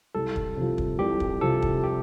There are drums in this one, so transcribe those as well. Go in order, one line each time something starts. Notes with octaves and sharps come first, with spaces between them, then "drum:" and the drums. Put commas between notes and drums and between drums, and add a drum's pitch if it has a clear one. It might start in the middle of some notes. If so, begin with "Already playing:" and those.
C2 A4
drum: kick
C3 F3
drum: kick
C2 G4
drum: kick
C3 F3 A4
drum: kick
G4